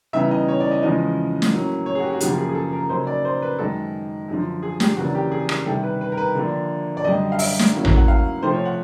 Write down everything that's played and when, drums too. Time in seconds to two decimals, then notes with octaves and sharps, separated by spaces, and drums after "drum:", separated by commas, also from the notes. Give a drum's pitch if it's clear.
0.13 C#3 E3 G3 B3 D#4 E5
0.31 D#5
0.48 C#5
0.60 D5
0.71 D#5
0.82 E2 C#3 F3 G#3 D#5
1.42 drum: snare
1.52 A2 F#3 A#3 C#4
1.86 C#5
1.95 G#4
2.00 F#4
2.03 G4
2.13 F#4
2.20 F#2 C#3 F3 A#3 G4, drum: hi-hat
2.31 G4
2.38 G#4
2.49 G#4
2.55 A4
2.73 A#4
2.90 C#3 F#3 A#3 D#4 C5
3.07 D5
3.25 C5
3.42 B4
3.59 F#2 D#3 G#3 A4
4.28 F#2 D3 F3
4.63 G#4
4.80 G4, drum: snare
4.97 E2 C#3 F#3 A#3 D4 F#4
5.15 G4
5.32 G#4
5.49 drum: rim click
5.66 C3 D#3 G3 A4
5.84 B4
6.01 B4
6.12 A#4
6.17 B4
6.35 D3 F3 A#3 D4
6.97 D5
7.04 F#2 D3 G3 D#5
7.32 F5
7.39 E5, drum: open hi-hat
7.59 drum: snare
7.73 A2 F#3 A#3 C#4
7.85 drum: tom A1
7.96 F#5
8.08 F5
8.43 C3 F3 A3 C5
8.54 C#5
8.65 F#5